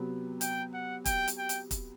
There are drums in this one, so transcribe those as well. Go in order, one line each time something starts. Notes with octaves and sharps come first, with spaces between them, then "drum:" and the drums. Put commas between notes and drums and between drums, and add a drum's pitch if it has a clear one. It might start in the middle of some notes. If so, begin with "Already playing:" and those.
Already playing: C3 F#3 B3
G5, drum: hi-hat
F#5
G5, drum: kick, hi-hat
drum: hi-hat
G5
drum: hi-hat
drum: kick, hi-hat